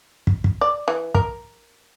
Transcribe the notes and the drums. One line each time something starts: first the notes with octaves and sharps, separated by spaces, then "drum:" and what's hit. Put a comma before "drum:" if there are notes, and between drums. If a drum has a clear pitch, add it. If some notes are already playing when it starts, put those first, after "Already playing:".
drum: kick
drum: kick
D5
E3
A#4, drum: kick